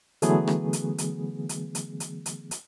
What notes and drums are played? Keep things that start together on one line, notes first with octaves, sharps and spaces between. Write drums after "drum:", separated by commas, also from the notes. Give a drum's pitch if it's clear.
D3 E3 F#3 A3 B3 G#4, drum: hi-hat
drum: rim click
drum: hi-hat
drum: hi-hat
drum: hi-hat
drum: hi-hat
drum: hi-hat
drum: hi-hat
drum: hi-hat